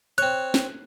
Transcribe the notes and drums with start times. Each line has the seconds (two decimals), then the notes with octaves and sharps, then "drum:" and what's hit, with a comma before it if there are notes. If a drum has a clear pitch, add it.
0.18 C4 C#5 F#6, drum: hi-hat
0.54 drum: snare